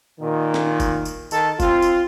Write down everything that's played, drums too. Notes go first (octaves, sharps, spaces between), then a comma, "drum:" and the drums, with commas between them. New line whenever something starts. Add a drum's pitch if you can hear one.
A#2 D#3
drum: snare
drum: kick, tambourine
drum: tambourine
D#3 A4, drum: tambourine
C4 F4, drum: kick, tambourine
drum: tambourine